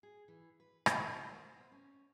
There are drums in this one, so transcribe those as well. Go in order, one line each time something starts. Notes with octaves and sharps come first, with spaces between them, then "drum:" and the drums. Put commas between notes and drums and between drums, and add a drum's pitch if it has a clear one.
G#4
E3
B4
drum: rim click
A#4
C5
B3
C#4